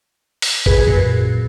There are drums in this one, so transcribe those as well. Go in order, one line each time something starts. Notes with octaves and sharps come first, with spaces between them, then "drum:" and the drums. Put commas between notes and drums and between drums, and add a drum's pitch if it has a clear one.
drum: open hi-hat
G#4 B4, drum: kick G#1
F#2 A#2